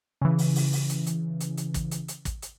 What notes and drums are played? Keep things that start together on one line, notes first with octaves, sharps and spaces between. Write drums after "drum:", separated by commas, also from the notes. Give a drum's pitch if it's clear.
C#3 E3
drum: open hi-hat
drum: open hi-hat
drum: open hi-hat
drum: hi-hat
drum: hi-hat
drum: hi-hat
drum: hi-hat
drum: kick, hi-hat
drum: hi-hat
drum: hi-hat
drum: kick, hi-hat
drum: hi-hat